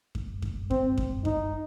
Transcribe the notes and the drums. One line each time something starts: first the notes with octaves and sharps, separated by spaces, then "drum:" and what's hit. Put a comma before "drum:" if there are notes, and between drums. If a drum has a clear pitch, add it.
drum: kick F#2
drum: kick F#2
C4, drum: kick F#2
drum: kick F#2
D#4, drum: kick F#2